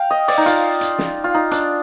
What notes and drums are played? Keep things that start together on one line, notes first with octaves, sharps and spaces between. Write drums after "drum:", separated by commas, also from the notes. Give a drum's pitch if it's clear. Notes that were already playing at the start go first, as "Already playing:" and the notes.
Already playing: F5 G5
D#5
D5, drum: open hi-hat
D#4
F4, drum: hi-hat
drum: hi-hat
drum: snare
F4
D#4
D4, drum: hi-hat